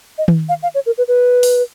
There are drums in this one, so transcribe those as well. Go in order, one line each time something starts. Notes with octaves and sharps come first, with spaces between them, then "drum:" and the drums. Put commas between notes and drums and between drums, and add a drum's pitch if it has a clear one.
D#5
drum: tom D#3
F5
F5
C#5
A#4
B4
B4
drum: open hi-hat